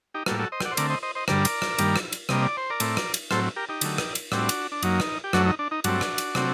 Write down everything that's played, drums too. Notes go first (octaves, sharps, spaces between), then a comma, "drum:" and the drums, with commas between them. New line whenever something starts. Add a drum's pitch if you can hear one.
D#4 G4
A2 G3 A#3 F#4 A4, drum: rim click
F#4 A4
C5 D#5
G5, drum: rim click
D5 F#5
C5
D3 A3 C4 A#4 D5, drum: cymbal
C5 D#5
C5 D#5
C5 D#5
G2 D3 G3 A#4 D5, drum: rim click
drum: cymbal
drum: rim click
G2 D#3 G3 A#3, drum: cymbal
drum: rim click
drum: cymbal
C3 G3 A#3 D#5, drum: rim click
D5
C5
A#4 D5
A2 A3 C4, drum: cymbal
drum: rim click
drum: cymbal
A2 F#3 C4 A4 C5, drum: rim click
G4 A#4
D#4 G4
D3 F#3 A3, drum: cymbal
drum: rim click
drum: cymbal
A2 G3 C4 D4 F#4, drum: rim click
drum: cymbal
D4
F#2 F#3 A#3 D#4, drum: cymbal
drum: rim click
G4
F#2 F#3 A3 D4 F#4, drum: rim click
D#4
D4
D#4
G2 F#3 A3 C4 D4 F#4, drum: cymbal
drum: rim click
drum: cymbal
C3 F#3 A3 C4, drum: rim click